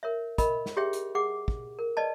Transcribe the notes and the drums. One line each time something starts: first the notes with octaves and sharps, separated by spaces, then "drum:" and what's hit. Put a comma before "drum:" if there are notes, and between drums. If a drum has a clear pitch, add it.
A#4 C#5 E5
A#4 D#5 B5, drum: kick, hi-hat
drum: snare
G4 G#4 C#5 E5 G5
drum: hi-hat
G#4 F#5 D6
drum: kick
A#4
B4 D5 D#5 A5